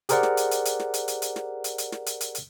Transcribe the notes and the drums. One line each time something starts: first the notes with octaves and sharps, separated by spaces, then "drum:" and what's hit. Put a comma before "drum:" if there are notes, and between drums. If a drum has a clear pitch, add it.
G4 G#4 A#4 C5 D5 F#5, drum: hi-hat
drum: snare
drum: hi-hat
drum: hi-hat
drum: hi-hat
drum: snare
drum: hi-hat
drum: hi-hat
drum: hi-hat
drum: snare
drum: hi-hat
drum: hi-hat
drum: snare
drum: hi-hat
drum: hi-hat
drum: hi-hat